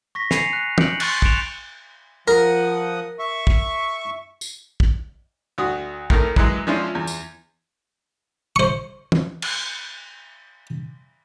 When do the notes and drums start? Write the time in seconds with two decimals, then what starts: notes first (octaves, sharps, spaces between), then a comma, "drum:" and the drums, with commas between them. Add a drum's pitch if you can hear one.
0.15 C#6 A#6 B6
0.31 G#5 B5 C7 C#7 D#7 F7, drum: snare
0.53 F#6
0.78 G6 C#7 D7 F#7, drum: tom
1.00 C6 C#6 A6, drum: cymbal
1.22 F#6 C#7 D7 E7 F7, drum: kick
2.28 F3 A#4 F#5 D#6
3.19 E5 C#6
3.47 drum: kick
4.41 drum: tambourine
4.80 drum: kick
5.58 D2 F#4 D#6
6.10 A2 D#3 A3 A#4, drum: kick
6.36 F#2 E3 G#3, drum: kick
6.67 F3 G#3 C#4 D4 E4 F4
6.95 E2
7.07 drum: tambourine
8.56 C5 C#6
9.12 drum: tom
9.42 drum: cymbal